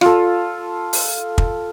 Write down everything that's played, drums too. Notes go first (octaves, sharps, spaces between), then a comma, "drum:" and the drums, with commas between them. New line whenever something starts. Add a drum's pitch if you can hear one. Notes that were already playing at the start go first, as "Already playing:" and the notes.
F4 A4, drum: rim click
drum: open hi-hat
drum: kick